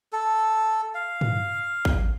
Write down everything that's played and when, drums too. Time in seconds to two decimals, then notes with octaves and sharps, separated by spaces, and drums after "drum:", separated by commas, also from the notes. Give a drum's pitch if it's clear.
0.13 A4
0.95 F5
1.21 drum: tom
1.85 drum: kick A1